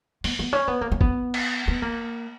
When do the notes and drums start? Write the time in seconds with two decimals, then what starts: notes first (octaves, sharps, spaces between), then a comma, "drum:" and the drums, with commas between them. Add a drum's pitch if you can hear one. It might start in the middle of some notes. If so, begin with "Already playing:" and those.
0.24 B3, drum: open hi-hat
0.39 B3
0.53 C#4
0.68 B3
0.81 A#3
0.92 C#4
1.01 B3, drum: kick
1.34 drum: cymbal
1.68 B3
1.82 A#3